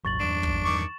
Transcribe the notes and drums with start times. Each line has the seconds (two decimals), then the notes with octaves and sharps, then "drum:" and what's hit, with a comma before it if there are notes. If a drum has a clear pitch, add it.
0.05 D#1 G#1 F#3 C#6 A6 F#7
0.20 E2 G2 D4 E7
0.43 drum: kick
0.65 D#3 C#6 D6